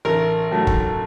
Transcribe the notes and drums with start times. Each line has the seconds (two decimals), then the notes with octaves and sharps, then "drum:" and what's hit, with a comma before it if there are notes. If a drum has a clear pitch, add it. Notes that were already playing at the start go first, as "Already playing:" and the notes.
0.05 A1 A#4
0.51 A2 F#3 A3
0.67 drum: kick